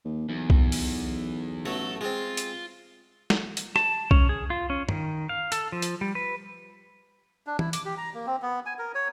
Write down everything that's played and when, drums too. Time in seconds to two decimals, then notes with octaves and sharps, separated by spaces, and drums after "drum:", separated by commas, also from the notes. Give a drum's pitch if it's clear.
0.05 D#2
0.29 B1 E2
0.50 drum: kick B1
0.72 drum: open hi-hat
1.66 A1 F#3 A3 A4
2.01 G#3 C4 F4
2.37 drum: hi-hat
3.30 drum: snare
3.57 drum: hi-hat
3.76 A5, drum: rim click
4.11 C#4, drum: kick B1
4.29 G#4
4.50 F4
4.70 C#4
4.89 D#3, drum: tom
5.29 F5
5.52 A4, drum: hi-hat
5.72 F3
5.82 drum: hi-hat
6.01 G3
6.15 B4
7.47 D4
7.59 E4, drum: tom
7.73 D6, drum: hi-hat
7.85 G4
7.97 A#5
8.14 A#3
8.26 C4
8.42 B3
8.66 G#5
8.79 A#4
8.95 C#5